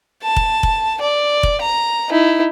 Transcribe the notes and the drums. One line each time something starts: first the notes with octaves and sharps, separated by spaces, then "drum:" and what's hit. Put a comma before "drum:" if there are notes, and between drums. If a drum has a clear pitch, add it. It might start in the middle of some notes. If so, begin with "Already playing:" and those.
A5
drum: kick F1
drum: kick F1
D5
drum: kick F1
A#5
D#4 E4